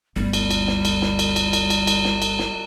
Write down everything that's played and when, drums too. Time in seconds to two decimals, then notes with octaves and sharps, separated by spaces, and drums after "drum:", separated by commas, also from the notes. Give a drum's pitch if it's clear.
0.16 G1 D2 G3
0.33 drum: cymbal
0.51 drum: cymbal
0.68 drum: snare
0.85 drum: cymbal
1.02 drum: snare
1.19 drum: cymbal
1.36 drum: cymbal
1.53 drum: cymbal
1.70 drum: cymbal
1.87 drum: cymbal
2.05 drum: snare
2.22 drum: cymbal
2.39 drum: snare